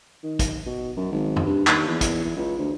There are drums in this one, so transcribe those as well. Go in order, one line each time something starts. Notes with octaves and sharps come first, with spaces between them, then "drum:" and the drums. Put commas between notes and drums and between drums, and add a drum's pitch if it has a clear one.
D#3
drum: kick, hi-hat
B2
F#2
G#1
drum: tom E2
G2
D#2, drum: clap
E2
drum: kick, hi-hat
E2
C#2
D2